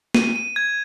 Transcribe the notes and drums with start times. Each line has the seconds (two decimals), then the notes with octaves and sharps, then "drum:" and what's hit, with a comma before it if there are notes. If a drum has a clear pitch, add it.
0.14 D#7, drum: snare
0.36 D#7
0.56 G#6